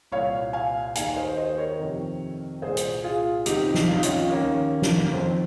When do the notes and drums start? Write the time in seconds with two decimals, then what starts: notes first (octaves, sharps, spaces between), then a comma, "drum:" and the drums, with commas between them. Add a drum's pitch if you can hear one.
0.12 C2 A#2 C#5 F5
0.53 F5 G#5
0.95 D#2 D#3 F5 G#5, drum: hi-hat
1.16 C5 D#5
1.37 C5 D#5
1.58 A#4 C#5
1.79 F2 C3 D#3
2.62 C2 A#2 G#4 C5
2.77 drum: hi-hat
3.04 F4 G#4
3.46 C#2 C3 D#3 D#4 G4, drum: hi-hat
3.74 drum: snare
3.88 F4
3.95 D#4
4.03 C#4 F4, drum: hi-hat
4.29 D#2 D#3 A#3 C#4
4.82 drum: snare
5.02 A#3
5.13 F2 D#3 C4